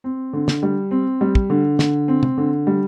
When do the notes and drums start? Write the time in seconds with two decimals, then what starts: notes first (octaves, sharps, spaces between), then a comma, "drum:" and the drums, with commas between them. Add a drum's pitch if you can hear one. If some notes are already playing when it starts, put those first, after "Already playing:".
0.04 C4
0.33 D3
0.48 drum: snare
0.63 G3
0.91 C4
1.21 G3
1.35 drum: kick
1.50 D3
1.79 D3, drum: snare
2.08 C4
2.23 drum: tom
2.38 D3
2.67 G3